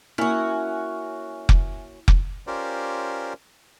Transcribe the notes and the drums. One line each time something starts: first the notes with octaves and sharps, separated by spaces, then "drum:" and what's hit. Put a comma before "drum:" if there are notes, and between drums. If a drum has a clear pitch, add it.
A#3 C#4 E4 F#4 E5 G#5 F6
drum: kick F1
drum: kick F1
C#4 F4 G4 A#4 C5 D5